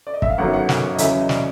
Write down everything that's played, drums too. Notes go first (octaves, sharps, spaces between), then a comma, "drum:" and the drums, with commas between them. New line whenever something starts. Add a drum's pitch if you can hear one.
D5
D#5
E5, drum: kick
F5
G1 F#2 D#3 F#3 F#5
F#5
F#5, drum: snare
D#5
E2 C#3 F#3 E5, drum: hi-hat
D#5
D5, drum: snare